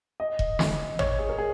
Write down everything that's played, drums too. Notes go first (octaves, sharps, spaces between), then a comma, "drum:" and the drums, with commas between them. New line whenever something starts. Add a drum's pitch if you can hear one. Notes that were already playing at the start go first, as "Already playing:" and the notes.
D#5
drum: kick E1
drum: snare
C#5, drum: tom
G#4
A#4
G#4